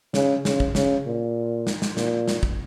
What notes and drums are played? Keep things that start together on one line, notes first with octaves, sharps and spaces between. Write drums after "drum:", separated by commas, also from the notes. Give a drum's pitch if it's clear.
C#3, drum: snare
C#3, drum: snare
drum: kick
C#3, drum: snare
A#2
drum: snare
drum: snare
A#2, drum: snare
drum: snare
drum: kick